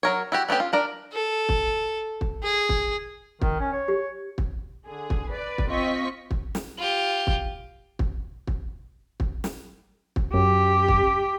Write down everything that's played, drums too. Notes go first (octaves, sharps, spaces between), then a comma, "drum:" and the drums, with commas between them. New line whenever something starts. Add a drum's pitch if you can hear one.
F#3 A#4 C#5
E4 F#4 G4
A3 B3 C#4 G4
F4
D4 A#4 D5
A4
drum: kick
drum: kick
G#4
drum: kick
D#3, drum: kick
C#4
C#5
G4
drum: kick
D3 G#4
drum: kick
B4 D5
drum: kick
C4 F4 D#5 C#6 B6
drum: kick
drum: snare
F4 G4
drum: kick
drum: kick
drum: kick
drum: kick
drum: snare
drum: kick
F#2 G4
drum: kick